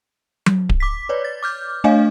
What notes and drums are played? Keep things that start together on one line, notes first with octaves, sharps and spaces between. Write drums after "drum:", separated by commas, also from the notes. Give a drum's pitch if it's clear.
drum: tom F#3
drum: kick D1
D6 B6
B4 C#5 D5
A6
D6 F6 G6
A3 D4 C#5 D#5 F5 G#5